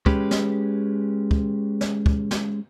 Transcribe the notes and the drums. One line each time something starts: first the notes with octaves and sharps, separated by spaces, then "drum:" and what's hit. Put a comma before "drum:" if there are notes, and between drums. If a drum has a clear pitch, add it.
G#3 C#4 G4 B4, drum: kick
drum: snare
drum: kick
drum: snare
drum: kick
drum: snare